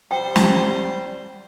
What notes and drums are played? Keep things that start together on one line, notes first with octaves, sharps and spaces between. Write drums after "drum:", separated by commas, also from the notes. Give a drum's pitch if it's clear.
G3 C5 G5
drum: snare